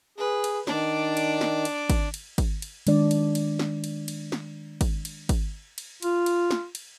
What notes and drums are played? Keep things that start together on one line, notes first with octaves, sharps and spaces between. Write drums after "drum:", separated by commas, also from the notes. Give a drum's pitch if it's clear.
G#4 B4
drum: cymbal
D#3 D4 D5, drum: snare
drum: cymbal
drum: snare
drum: cymbal
drum: kick G#1, cymbal
drum: cymbal
drum: kick G#1, cymbal
drum: cymbal
D#3 G#3 D4 D5, drum: cymbal
drum: cymbal
drum: cymbal
drum: snare
drum: cymbal
drum: cymbal
drum: snare
drum: kick G#1, cymbal
drum: cymbal
drum: kick G#1, cymbal
drum: cymbal
F4, drum: cymbal
drum: cymbal
drum: snare
drum: cymbal